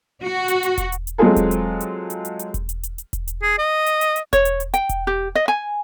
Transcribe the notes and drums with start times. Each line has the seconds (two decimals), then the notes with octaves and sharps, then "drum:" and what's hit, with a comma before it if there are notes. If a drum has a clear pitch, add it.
0.23 F#4
0.48 drum: hi-hat
0.63 drum: hi-hat
0.78 drum: kick E1, hi-hat
0.92 drum: hi-hat
1.07 drum: hi-hat
1.18 F#3 G#3 C4 F4 G#4 A4
1.36 drum: kick E1, hi-hat
1.51 drum: hi-hat
1.81 drum: hi-hat
2.10 drum: hi-hat
2.25 drum: hi-hat
2.39 drum: hi-hat
2.54 drum: kick E1, hi-hat
2.69 drum: hi-hat
2.83 drum: hi-hat
2.98 drum: hi-hat
3.13 drum: kick E1, hi-hat
3.28 drum: hi-hat
3.42 G#4
3.58 D#5
3.86 drum: hi-hat
4.01 drum: hi-hat
4.16 drum: hi-hat
4.33 C#5, drum: kick E1, hi-hat
4.45 drum: hi-hat
4.60 drum: hi-hat
4.74 G5, drum: hi-hat
4.89 drum: kick E1, hi-hat
5.07 G4
5.35 D#5
5.48 G#5